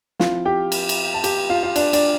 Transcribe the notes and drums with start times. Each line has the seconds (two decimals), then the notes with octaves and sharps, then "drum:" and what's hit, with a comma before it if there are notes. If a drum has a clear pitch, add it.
0.20 F3 C4 E4 F4 F5, drum: snare
0.45 G4 G5
0.72 drum: cymbal
0.89 drum: cymbal
1.14 A5
1.24 G4 G5, drum: cymbal
1.50 F4 F5
1.63 F4 F5
1.76 D4 D5, drum: cymbal
1.93 D4 D5, drum: cymbal